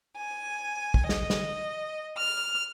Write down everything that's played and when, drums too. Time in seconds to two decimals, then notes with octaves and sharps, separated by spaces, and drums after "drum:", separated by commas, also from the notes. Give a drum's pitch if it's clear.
0.19 G#5
0.94 drum: kick
1.09 D#5, drum: snare
1.30 drum: snare
2.18 F6